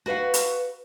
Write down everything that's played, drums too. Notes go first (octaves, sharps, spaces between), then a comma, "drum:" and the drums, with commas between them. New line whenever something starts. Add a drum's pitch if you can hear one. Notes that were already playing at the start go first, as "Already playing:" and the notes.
F#4 B4 F5 F#5
drum: hi-hat